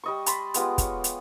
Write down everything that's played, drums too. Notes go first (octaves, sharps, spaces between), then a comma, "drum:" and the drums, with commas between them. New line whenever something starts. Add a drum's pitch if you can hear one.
G3 D#5 C#6
A5 B5 C6, drum: hi-hat
G#3 B3 F4 G4, drum: hi-hat
C#5, drum: kick, hi-hat
drum: hi-hat